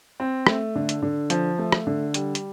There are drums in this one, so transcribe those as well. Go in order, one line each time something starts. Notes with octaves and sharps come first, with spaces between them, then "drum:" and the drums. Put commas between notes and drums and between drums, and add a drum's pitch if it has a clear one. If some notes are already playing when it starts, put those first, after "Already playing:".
C4
A3, drum: rim click
D3
drum: hi-hat
D3
F3, drum: hi-hat
A3
drum: rim click
D3
G3, drum: hi-hat
drum: hi-hat